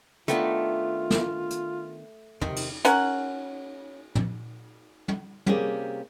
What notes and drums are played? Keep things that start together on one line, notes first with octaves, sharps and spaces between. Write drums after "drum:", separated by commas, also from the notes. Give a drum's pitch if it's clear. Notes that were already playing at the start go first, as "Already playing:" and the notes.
D#3 A3 B3 D4 F4, drum: hi-hat
drum: snare
drum: hi-hat
C3 D#3, drum: tom
drum: cymbal
C#4 A#4 F#5, drum: hi-hat
drum: tom
drum: tom
C3 G3 A#3 C#4 G#4, drum: tom